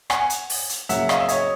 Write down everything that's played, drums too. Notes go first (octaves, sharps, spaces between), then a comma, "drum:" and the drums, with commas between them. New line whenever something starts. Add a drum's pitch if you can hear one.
F#5 G#5, drum: rim click
drum: hi-hat
drum: open hi-hat
drum: hi-hat
C#3 F#3 A#3 E5 F#5, drum: hi-hat
D#5 F5, drum: rim click
E5
C#5 D#5, drum: hi-hat